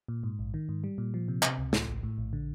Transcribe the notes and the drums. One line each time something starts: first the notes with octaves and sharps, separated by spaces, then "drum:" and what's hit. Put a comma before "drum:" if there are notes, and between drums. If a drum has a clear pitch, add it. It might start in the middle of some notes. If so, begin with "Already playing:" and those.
A#2
G#2
A#1
D#3
G#2
G3
A#2
F3
C3
C3, drum: clap
C#2
A2, drum: snare
A1
A2
A#1
D3